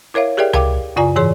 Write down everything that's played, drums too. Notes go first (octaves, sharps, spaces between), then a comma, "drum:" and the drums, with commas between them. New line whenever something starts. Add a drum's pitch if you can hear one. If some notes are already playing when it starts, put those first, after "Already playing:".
E4 A#4 C#5 E5 F5
G4 G#4 A#4 D5 E5 G5
A#4 F5 G5 D6, drum: tom C#2
F#2 C#3 F4 D5 G#5 A#5
G#2 E3 G#4 C#5 C6